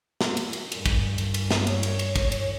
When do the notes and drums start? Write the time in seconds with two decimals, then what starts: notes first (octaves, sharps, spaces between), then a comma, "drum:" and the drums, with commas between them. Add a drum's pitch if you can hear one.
0.21 drum: snare
0.37 drum: cymbal
0.53 drum: cymbal
0.72 G2, drum: cymbal
0.86 drum: kick, cymbal
1.18 drum: cymbal
1.34 drum: cymbal
1.51 drum: snare
1.67 C#5, drum: cymbal
1.83 drum: cymbal
1.99 drum: cymbal
2.16 drum: kick, cymbal
2.32 drum: cymbal